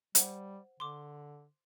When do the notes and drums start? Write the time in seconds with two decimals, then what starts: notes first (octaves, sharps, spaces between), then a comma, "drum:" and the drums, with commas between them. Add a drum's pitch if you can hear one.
0.15 G3 C5 F#5, drum: hi-hat
0.80 D3 C6 D6